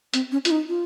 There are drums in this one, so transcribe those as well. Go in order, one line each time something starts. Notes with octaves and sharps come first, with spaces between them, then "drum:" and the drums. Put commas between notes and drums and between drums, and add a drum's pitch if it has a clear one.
C4, drum: hi-hat
C#4
F4, drum: hi-hat
D#4
F4